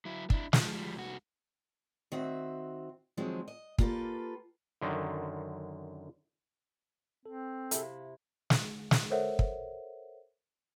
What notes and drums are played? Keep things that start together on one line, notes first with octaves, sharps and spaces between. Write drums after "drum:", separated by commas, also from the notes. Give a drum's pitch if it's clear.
F#3 E4
D4 E4, drum: kick
F3, drum: snare
F3 G3
C2 F#4
D#3 C4 F#4 E5
D#3 F3 F#3 G#3 C4
D#5
A#3 F4 G4 A4 B4, drum: kick
F#2 D3 D#3
C4 A4
C3 E4 G#4 A4, drum: hi-hat
F5
drum: snare
drum: snare
A4 A#4 C5 C#5 E5 F#5
drum: kick